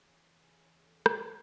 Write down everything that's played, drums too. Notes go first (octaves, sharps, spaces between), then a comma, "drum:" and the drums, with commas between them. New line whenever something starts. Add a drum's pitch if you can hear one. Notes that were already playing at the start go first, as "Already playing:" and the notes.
Already playing: E2 C#3 E3
G#4
A4
drum: rim click